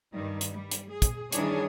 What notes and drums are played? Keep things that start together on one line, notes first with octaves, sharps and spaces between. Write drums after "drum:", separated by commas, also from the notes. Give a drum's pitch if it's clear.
G2 D#3 G3
drum: hi-hat
G3
drum: hi-hat
G#4
drum: kick, hi-hat
D#3 E3 G3 D4 G#4 C#5, drum: hi-hat